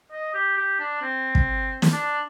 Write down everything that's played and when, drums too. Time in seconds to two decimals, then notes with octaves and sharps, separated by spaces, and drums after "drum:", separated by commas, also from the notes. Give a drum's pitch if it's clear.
0.12 D#5
0.34 G4
0.57 G4
0.79 D4
1.02 C4
1.35 drum: kick
1.82 drum: snare
1.92 D4